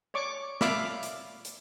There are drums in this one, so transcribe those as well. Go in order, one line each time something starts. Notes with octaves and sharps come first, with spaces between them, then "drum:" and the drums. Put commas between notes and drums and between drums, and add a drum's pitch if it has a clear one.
C#5 D5 C#6 D6
D5 E5 F5 B5 D6, drum: snare
drum: hi-hat
drum: hi-hat